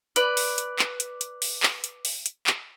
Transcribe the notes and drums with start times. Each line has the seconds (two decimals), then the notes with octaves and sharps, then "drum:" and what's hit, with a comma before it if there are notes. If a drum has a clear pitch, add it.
0.16 B4 D5, drum: hi-hat
0.37 drum: open hi-hat
0.58 drum: hi-hat
0.79 drum: clap
1.00 drum: hi-hat
1.21 drum: hi-hat
1.42 drum: open hi-hat
1.63 drum: clap
1.84 drum: hi-hat
2.05 drum: open hi-hat
2.26 drum: hi-hat
2.47 drum: clap